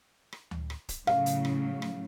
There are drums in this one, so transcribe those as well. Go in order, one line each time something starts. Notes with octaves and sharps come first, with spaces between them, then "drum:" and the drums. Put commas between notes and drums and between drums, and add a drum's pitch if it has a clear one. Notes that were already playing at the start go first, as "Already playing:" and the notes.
drum: rim click
drum: tom D2
drum: rim click
drum: kick, hi-hat
A2 C#3 F#3 F5, drum: rim click
drum: hi-hat
drum: rim click
drum: rim click